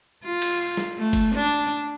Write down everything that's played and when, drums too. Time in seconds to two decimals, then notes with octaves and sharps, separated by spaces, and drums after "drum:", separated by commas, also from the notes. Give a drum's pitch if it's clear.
0.24 F4
0.42 drum: cymbal
0.77 drum: snare
0.98 A3
1.13 drum: kick F#1, cymbal
1.35 D4